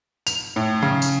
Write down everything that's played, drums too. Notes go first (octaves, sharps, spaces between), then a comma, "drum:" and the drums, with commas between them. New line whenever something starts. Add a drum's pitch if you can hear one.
F7, drum: tambourine
A2
C#3
drum: tambourine